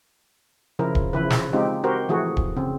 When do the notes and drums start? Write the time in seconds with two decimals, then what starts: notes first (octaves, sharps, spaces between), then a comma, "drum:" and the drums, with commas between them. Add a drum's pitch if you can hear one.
0.79 C#3 F3 E4 A#4
0.95 drum: kick D1
1.13 C#3 E3 F3 E4 B4
1.30 drum: snare
1.53 G#3 C4 D#4 F4 G4
1.84 C4 F#4 G4 A#4 C5
2.09 E3 F3 A3 F#4 G#4
2.37 drum: kick D1
2.57 C#3 C4